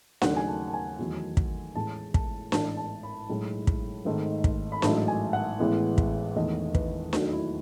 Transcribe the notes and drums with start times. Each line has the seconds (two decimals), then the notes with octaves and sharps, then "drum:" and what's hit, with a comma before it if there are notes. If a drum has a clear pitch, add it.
0.22 D#2 C#3 F#3 A3 F#5, drum: snare D4
0.37 G#5
0.47 A5
0.68 A5
0.74 G#5
0.99 E2 D#3 F#3 A3
1.37 drum: kick
1.75 A1 A2 G#3 A5
2.14 A5, drum: kick
2.52 A1 G#2 E3 A5, drum: snare D4
2.77 A5
3.03 B5
3.29 B1 A2 G#3
3.67 drum: kick
4.05 G#1 G#2 D#3 A3
4.44 drum: kick
4.72 B5
4.82 A1 G#2 F#3 A3 A5, drum: snare D4
5.08 G#5
5.33 F#5
5.59 A1 A2 E3 G#3 B3
5.98 drum: kick
6.36 E1 E2 D#3 A3 D#5
6.75 B4, drum: kick
7.13 D#2 D#3 F#3 A3 F#4, drum: snare D4
7.33 E4